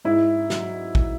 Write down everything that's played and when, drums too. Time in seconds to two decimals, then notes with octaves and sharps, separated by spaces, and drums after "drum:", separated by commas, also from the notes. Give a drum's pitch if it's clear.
0.05 G#2 E4
0.50 F#3, drum: snare
0.95 drum: kick